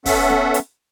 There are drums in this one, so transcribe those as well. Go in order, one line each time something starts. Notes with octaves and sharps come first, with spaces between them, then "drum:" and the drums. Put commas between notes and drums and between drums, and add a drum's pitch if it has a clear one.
B3 C#4 A4 E5 F#5, drum: kick, open hi-hat
drum: snare
drum: hi-hat